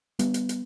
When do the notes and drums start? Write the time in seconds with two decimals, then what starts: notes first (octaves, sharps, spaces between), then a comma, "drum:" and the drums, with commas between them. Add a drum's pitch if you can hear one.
0.19 G3 B3, drum: hi-hat
0.34 drum: hi-hat
0.49 drum: hi-hat